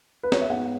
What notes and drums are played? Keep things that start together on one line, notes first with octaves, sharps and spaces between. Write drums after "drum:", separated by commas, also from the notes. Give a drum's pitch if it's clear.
B4
C#5, drum: snare
E5
G#2 G#3 B3 F#5